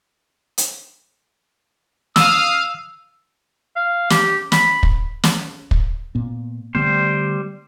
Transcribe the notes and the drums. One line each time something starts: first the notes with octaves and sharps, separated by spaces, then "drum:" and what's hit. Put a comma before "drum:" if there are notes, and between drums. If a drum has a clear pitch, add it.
drum: hi-hat
F5 D#6 E6, drum: snare
F5
G4, drum: snare
B5, drum: snare
drum: kick
drum: snare
drum: kick
A#2 B3
D3 G3 A3 B3 C5